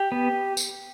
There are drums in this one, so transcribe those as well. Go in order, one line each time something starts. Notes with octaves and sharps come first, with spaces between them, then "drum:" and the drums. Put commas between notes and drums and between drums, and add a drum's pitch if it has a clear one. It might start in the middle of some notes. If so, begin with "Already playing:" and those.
Already playing: G4
B3
drum: tambourine